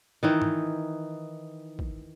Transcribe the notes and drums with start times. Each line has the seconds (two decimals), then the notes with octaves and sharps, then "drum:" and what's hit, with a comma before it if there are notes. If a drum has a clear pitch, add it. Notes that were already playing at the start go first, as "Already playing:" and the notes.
0.23 D#3 E3 D#4
0.42 drum: tom G#2
1.79 drum: kick A1